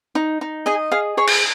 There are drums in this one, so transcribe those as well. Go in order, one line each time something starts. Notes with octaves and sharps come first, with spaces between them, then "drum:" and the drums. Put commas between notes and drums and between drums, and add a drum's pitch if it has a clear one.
D#4
D#4
G#4 D#5 G#5
G#4 F5
G#4 C#5 C#6
drum: cymbal